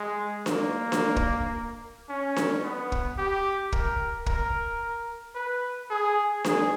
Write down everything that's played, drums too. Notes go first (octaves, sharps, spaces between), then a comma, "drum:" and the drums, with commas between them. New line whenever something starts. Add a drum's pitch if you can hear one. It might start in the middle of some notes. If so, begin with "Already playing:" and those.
Already playing: G#3
A#3, drum: snare D4
drum: snare D4
drum: kick
C#4
drum: snare D4
B3
drum: kick
G4
A#4, drum: kick
A#4, drum: kick
B4
G#4
G#4, drum: snare D4